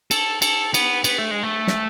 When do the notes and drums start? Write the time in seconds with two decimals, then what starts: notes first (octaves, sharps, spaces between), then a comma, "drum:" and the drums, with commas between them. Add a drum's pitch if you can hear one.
0.11 A4, drum: cymbal
0.42 A4, drum: cymbal
0.74 B3, drum: cymbal
1.04 B3, drum: cymbal
1.18 A3
1.31 G#3
1.43 A3
1.67 drum: snare